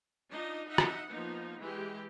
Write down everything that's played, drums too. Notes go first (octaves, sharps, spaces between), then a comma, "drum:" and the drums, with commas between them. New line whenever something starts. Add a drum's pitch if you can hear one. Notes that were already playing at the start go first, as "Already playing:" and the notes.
D4 D#4 F4 D#5
D#4 D#5 E5 F#5
drum: rim click
F3 A#3 B3 D#4
E3 G#3 G4